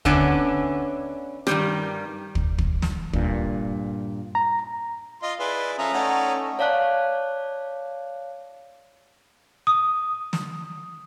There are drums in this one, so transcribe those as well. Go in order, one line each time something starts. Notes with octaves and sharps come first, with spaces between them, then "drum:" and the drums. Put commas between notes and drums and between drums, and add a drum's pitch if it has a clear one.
D3 B3 C#4 D4 E5, drum: kick
G2 D#3 G3, drum: rim click
drum: kick
drum: kick
drum: snare
G2 A#2, drum: kick
A#5
F4 D#5 C6
E4 G#4 B4 D5 C6
F3 C#4 A4 E5 A#5 D#6
A3 D#4 C#5 D5 F#5
C#5 D5 F5 A5 F#6
D#6
drum: snare